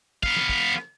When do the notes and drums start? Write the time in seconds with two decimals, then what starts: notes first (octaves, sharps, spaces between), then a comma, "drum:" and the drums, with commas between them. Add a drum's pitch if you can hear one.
0.23 B3 F5, drum: kick
0.36 drum: snare
0.49 drum: kick
0.76 drum: snare